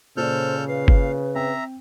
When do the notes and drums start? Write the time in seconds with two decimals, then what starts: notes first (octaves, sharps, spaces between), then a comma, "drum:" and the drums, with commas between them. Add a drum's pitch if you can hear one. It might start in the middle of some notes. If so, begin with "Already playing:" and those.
0.17 A#2 C#3 A4 C5 D5 F6 G6
0.68 B4 F5
0.88 drum: kick G1
1.35 C4 E5 G5 A#5